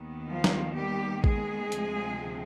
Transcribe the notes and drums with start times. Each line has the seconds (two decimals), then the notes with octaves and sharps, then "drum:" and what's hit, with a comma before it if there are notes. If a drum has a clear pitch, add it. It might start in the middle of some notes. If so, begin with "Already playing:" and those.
Already playing: D#2 D#3 B3
0.29 F3 F4
0.44 drum: snare
0.76 G3 G4
1.24 G#3 G#4, drum: kick A1
1.72 D2 C3 F3 C4, drum: hi-hat